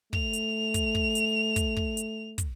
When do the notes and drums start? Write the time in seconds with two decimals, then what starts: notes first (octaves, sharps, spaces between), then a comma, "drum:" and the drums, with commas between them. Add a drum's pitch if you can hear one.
0.13 A3 F7, drum: kick
0.33 drum: hi-hat
0.74 drum: kick, hi-hat
0.95 drum: kick
1.15 drum: hi-hat
1.56 drum: kick, hi-hat
1.76 drum: kick
1.97 drum: hi-hat
2.38 drum: kick, hi-hat